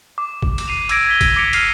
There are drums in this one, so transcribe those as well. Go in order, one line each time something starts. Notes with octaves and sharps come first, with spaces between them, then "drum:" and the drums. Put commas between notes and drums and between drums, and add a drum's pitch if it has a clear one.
D6
drum: kick
drum: cymbal
C7 D#7 F7
D6 E6 G#6 A#6 D7, drum: cymbal
G#6 B6 G7
drum: kick, cymbal
D6 A#6 B6 C#7 D7 F7
F6 C7 D#7 F7, drum: cymbal